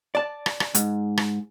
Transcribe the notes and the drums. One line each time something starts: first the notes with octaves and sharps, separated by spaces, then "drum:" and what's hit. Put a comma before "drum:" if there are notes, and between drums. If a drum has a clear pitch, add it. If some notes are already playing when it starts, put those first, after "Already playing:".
D5 A5
drum: rim click
drum: rim click
G#2, drum: hi-hat
drum: rim click